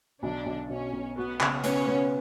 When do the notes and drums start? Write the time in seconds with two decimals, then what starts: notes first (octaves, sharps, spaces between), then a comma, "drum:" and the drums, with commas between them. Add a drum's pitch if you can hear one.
0.22 B1 D3 D4
0.46 B1
0.70 B2 C#4
0.93 B1
1.17 B3 F#4
1.40 C#3, drum: clap
1.64 B3 C#4, drum: hi-hat
1.87 B3